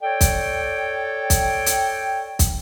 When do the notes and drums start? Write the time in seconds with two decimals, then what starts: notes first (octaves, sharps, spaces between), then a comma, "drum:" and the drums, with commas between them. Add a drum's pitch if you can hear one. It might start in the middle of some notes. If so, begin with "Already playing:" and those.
0.02 A4 C#5 D5 G5
0.21 drum: kick, hi-hat
1.30 drum: kick, hi-hat
1.66 drum: hi-hat
2.39 drum: kick, hi-hat